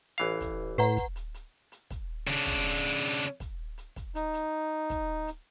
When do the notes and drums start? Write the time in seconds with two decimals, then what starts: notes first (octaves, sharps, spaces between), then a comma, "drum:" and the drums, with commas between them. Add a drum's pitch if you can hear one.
0.18 A1 E3 F5
0.41 drum: kick, hi-hat
0.78 A2 B4 F#5 A#5, drum: hi-hat
0.97 drum: kick, hi-hat
1.16 drum: hi-hat
1.34 drum: hi-hat
1.72 drum: hi-hat
1.90 drum: kick, hi-hat
2.27 C#3 D4, drum: hi-hat
2.47 drum: kick, hi-hat
2.65 drum: hi-hat
2.84 drum: hi-hat
3.21 drum: hi-hat
3.40 drum: kick, hi-hat
3.78 drum: hi-hat
3.96 drum: kick, hi-hat
4.15 D#4, drum: hi-hat
4.34 drum: hi-hat
4.90 drum: kick, hi-hat
5.27 drum: hi-hat